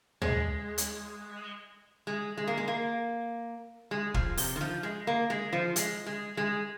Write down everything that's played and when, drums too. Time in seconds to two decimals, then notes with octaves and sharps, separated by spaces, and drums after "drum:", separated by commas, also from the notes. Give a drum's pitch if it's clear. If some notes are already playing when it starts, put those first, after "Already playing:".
0.22 G#3, drum: tom
0.78 drum: hi-hat
2.07 G#3
2.37 G#3
2.47 A#3
2.58 G#3
2.68 A#3
3.91 G#3
4.14 F3, drum: kick
4.37 C3, drum: open hi-hat
4.56 D#3
4.61 F3
4.83 G#3
5.07 A#3
5.30 G#3
5.53 F3
5.76 G#3, drum: hi-hat
6.06 G#3
6.37 G#3